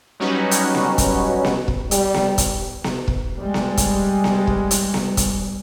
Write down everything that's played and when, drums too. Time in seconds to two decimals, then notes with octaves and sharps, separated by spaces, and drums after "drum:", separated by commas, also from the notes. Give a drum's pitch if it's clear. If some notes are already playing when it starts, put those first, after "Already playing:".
0.20 F#3 G3 C#4 D#4 F#4 B4
0.51 drum: hi-hat
0.75 drum: snare B3
0.98 drum: kick, hi-hat
1.45 drum: snare B3
1.68 drum: kick
1.91 G3, drum: hi-hat
2.14 drum: snare B3
2.38 drum: kick, hi-hat
2.84 drum: snare B3
3.08 drum: kick
3.39 G3 G#3
3.54 drum: snare B3
3.77 drum: kick, hi-hat
4.24 drum: snare B3
4.47 drum: kick
4.71 drum: hi-hat
4.94 drum: snare B3
5.17 drum: kick, hi-hat